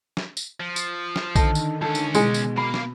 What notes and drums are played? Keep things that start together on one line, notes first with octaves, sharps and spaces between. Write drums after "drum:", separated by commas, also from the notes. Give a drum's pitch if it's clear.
drum: snare
drum: tambourine
F3
drum: tambourine
F6
drum: snare
D3 D#3 A4 D#5, drum: kick A#1, tambourine
drum: tambourine
C#2 C#4 A4
drum: tambourine
B2 G#3 G#5, drum: tambourine
drum: tambourine
A#3 F5 B5
drum: snare